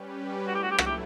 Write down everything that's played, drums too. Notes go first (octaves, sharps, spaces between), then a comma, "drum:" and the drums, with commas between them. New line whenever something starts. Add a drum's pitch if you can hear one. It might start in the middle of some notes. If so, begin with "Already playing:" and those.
Already playing: G3 C#4 G4 B4
F#3 A3 E4 F#4
G4
F#4
G4
F#4, drum: rim click
G4